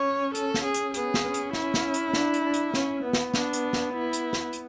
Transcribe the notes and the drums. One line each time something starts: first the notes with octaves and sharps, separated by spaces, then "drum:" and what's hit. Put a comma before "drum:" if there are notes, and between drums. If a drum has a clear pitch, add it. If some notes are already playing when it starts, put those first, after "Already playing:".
Already playing: C#4 C#5
A4, drum: hi-hat
drum: snare
G#4
drum: hi-hat
B3 G#4, drum: hi-hat
drum: snare
C#4
drum: hi-hat
E4, drum: snare
drum: snare
drum: hi-hat
D4, drum: snare
drum: hi-hat
D4
drum: hi-hat
C#4, drum: snare
B3
drum: snare
D4, drum: snare
drum: hi-hat
drum: snare
E4
drum: hi-hat
drum: snare
drum: hi-hat